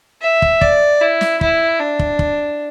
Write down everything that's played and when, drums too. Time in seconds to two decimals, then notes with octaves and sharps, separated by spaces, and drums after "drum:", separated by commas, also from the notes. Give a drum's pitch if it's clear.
0.22 E5
0.42 drum: kick
0.61 D5, drum: kick
1.01 E4
1.21 drum: snare
1.41 E4, drum: kick
1.80 D4
1.99 drum: kick
2.19 drum: kick